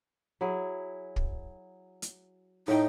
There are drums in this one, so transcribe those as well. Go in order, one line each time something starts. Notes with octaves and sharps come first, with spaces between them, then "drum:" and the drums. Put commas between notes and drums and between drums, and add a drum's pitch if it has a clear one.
F#3 E4 G#4
drum: kick
drum: hi-hat
A2 D#4 E5 G5